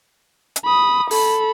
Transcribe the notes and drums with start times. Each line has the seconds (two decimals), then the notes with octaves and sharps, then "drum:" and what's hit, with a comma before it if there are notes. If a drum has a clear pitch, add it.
0.56 drum: hi-hat
0.65 B5 D#6
1.11 A4 B5, drum: open hi-hat